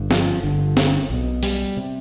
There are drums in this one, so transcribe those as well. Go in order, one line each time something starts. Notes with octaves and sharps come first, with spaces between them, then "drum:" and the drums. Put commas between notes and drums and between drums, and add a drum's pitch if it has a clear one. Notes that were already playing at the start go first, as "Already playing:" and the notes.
Already playing: G1 G2
F3, drum: snare
G1 G2 D3
drum: snare
B1 B2
G3, drum: open hi-hat
C3